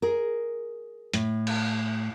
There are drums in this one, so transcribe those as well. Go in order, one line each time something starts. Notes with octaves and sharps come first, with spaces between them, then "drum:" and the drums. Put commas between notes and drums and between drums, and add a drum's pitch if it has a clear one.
G#4 A#4
A2, drum: hi-hat
drum: cymbal